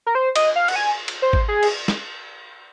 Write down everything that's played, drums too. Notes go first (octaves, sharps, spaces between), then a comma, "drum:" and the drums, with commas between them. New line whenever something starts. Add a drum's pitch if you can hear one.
A#4
C5
D#5, drum: cymbal
F5
F#5, drum: cymbal
G#5
drum: cymbal
C5
drum: kick G#1
G#4
drum: cymbal
drum: snare